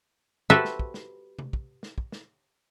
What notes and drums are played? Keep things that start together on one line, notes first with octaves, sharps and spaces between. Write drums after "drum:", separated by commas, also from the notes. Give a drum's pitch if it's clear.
F#4 G4 A4 B4 C5 E5
drum: snare
drum: kick
drum: snare
drum: tom C3
drum: kick
drum: snare
drum: kick
drum: snare